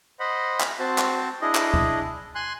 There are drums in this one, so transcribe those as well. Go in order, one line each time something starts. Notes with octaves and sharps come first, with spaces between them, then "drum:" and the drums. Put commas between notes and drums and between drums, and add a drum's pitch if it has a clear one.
C5 D#5 F#5 B5
drum: clap
C4 F#4 C5 A5
drum: clap
D4 E4 G#4 D#5
drum: clap
drum: kick
G#5 C6 F#6